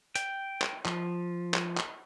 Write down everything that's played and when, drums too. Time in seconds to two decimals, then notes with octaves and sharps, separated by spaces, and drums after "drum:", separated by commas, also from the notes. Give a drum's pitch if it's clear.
0.16 G5, drum: hi-hat
0.62 drum: clap
0.85 F3, drum: clap
1.54 drum: clap
1.77 drum: clap